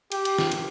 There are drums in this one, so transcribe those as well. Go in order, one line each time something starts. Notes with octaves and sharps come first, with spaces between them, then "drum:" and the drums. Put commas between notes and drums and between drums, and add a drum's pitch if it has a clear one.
G4, drum: cymbal
drum: cymbal
drum: snare
drum: cymbal